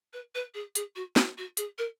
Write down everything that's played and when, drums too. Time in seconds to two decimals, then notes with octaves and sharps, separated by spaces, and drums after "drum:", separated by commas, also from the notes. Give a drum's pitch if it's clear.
0.13 B4
0.35 B4
0.54 G#4
0.75 G#4, drum: hi-hat
0.95 F#4
1.16 E4, drum: snare
1.37 F#4
1.57 G#4, drum: hi-hat
1.78 A#4